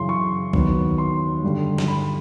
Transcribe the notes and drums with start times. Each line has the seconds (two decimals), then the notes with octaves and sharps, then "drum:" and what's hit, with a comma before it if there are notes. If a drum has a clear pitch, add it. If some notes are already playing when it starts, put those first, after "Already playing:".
Already playing: F#2 C#3 E3 C6
0.09 C#6
0.53 D#2 D#3 F#3 B3, drum: kick
0.98 C6
1.43 G2 D3 G3
1.78 drum: snare
1.88 B5